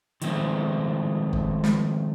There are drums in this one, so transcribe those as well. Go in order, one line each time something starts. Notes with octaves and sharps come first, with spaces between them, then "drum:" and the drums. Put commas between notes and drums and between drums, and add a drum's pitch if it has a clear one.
D#3 F3 G#3 A3 C4, drum: hi-hat
drum: kick F#1
drum: snare